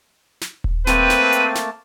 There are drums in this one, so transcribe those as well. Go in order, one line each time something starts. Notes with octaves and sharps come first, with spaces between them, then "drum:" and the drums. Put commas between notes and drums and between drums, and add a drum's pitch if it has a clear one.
drum: snare
drum: kick D#1
A3 A#3 C4 B4 A5 D#7, drum: snare
drum: snare
drum: hi-hat
drum: snare